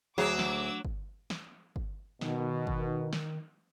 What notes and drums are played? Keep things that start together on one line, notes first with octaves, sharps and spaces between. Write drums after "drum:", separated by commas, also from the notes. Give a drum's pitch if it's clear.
D2 F#3 G#4 D6 E6
drum: snare
drum: kick G1
drum: snare
drum: kick G1
B2 D#3, drum: snare
drum: kick G1
drum: snare